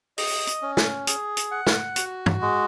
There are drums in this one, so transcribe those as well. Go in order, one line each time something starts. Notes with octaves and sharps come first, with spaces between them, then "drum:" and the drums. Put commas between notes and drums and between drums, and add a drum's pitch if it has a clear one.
D#5, drum: open hi-hat
drum: hi-hat
C#4
drum: snare
G#4, drum: hi-hat
drum: hi-hat
F#5
drum: snare
F#4, drum: hi-hat
drum: tom
G#3